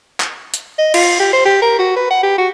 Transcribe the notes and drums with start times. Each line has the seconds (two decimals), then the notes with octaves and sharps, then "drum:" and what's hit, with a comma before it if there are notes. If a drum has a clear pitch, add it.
0.20 drum: clap
0.54 drum: hi-hat
0.78 D#5
0.94 F4, drum: cymbal
1.20 G4
1.33 C5
1.45 G4
1.62 A#4
1.79 F#4
1.96 B4
2.10 F#5
2.23 G4
2.38 F#4